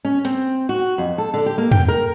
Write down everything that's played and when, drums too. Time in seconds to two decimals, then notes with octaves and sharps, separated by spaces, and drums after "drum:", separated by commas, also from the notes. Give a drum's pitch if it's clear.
0.05 C#4
0.25 C4, drum: hi-hat
0.69 F#4
0.98 F2
1.18 A4
1.34 D3
1.46 G4
1.58 A#3
1.71 G5, drum: tom
1.88 A#4